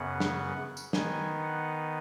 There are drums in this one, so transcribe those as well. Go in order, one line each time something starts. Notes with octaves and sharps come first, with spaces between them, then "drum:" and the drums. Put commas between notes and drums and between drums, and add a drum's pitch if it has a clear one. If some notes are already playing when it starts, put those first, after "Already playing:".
Already playing: F#2 C#3 B3 F#5
drum: snare
drum: tambourine
D#3 B3 D#4 G#5, drum: snare
F#5